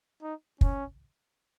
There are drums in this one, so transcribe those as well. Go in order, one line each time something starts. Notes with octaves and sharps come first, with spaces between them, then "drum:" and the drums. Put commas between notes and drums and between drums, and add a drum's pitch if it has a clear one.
D#4
C#4, drum: kick